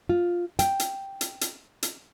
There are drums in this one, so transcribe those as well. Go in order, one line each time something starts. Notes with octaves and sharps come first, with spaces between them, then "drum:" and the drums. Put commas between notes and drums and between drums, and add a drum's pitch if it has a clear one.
F4
G5, drum: hi-hat
drum: hi-hat
drum: hi-hat
drum: hi-hat
drum: hi-hat